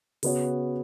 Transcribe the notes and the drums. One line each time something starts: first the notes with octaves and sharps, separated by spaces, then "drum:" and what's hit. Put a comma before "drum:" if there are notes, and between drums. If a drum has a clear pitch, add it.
C#3 B3 F#4 C#5, drum: open hi-hat